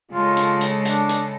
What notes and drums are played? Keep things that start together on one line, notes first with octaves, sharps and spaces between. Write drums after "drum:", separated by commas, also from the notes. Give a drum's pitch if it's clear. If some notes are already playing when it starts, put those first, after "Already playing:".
C#3 G#3 F4 A4
drum: hi-hat
drum: hi-hat
D4, drum: hi-hat
drum: hi-hat